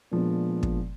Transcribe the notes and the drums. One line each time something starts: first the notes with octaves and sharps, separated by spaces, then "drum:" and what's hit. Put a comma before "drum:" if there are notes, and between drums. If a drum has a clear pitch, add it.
A#2 F3 G#3 B3 D4
drum: kick